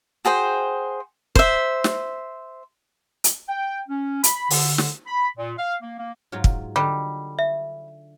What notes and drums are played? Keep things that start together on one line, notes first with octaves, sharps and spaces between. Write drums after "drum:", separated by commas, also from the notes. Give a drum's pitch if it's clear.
F#4 G#4 C5 G5
C5 E5, drum: kick
drum: snare
drum: hi-hat
G5
C#4
B5, drum: hi-hat
D3, drum: open hi-hat
drum: snare
B5
A#2
F5
A#3
A#3
G#2 F#3 F4
drum: kick
D3 G3 D#4 A5
E5